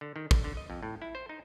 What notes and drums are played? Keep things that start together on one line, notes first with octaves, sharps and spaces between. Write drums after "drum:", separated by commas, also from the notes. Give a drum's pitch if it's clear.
D3
D#3
D3, drum: kick
D3
D#5
F2
A2
E4
C5
D#4